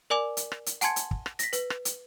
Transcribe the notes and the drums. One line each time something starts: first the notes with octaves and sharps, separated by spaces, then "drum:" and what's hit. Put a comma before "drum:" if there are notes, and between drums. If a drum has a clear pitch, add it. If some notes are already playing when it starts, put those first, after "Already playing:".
A#4 D5 G#5 D6 F7
drum: hi-hat
drum: rim click
drum: hi-hat
F#5 G#5 A5 C6 G#6 C#7, drum: hi-hat
drum: hi-hat
drum: kick
drum: rim click
A#6 B6, drum: hi-hat
B4, drum: hi-hat
drum: rim click
drum: hi-hat